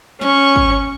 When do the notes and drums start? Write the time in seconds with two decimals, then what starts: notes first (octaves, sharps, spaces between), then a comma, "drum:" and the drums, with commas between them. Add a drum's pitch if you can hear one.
0.21 C#4 C#6, drum: snare
0.56 drum: kick